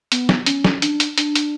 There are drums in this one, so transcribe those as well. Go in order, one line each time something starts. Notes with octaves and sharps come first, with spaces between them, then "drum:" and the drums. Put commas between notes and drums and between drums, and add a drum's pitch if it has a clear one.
B3, drum: hi-hat
drum: snare
C#4, drum: hi-hat
drum: snare
D4, drum: hi-hat
drum: hi-hat
D4, drum: hi-hat
drum: hi-hat